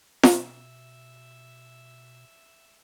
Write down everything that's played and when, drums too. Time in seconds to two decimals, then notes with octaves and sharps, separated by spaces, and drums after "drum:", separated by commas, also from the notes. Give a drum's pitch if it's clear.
0.23 B2 E5, drum: snare